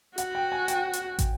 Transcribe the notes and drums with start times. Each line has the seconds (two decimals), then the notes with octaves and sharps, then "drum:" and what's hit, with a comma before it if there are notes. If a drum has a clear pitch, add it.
0.18 F#4 F#5, drum: hi-hat
0.35 G5
0.52 G#5
0.68 G5, drum: hi-hat
0.93 drum: hi-hat
1.19 drum: kick, hi-hat